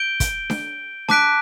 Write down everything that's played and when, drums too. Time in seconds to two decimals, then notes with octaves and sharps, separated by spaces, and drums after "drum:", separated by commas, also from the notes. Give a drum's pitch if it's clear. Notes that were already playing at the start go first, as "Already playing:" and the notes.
Already playing: G6 D7 G7
0.20 drum: kick, hi-hat
0.50 drum: snare D4
1.09 A5 D6 F#6 B6 D7, drum: snare D4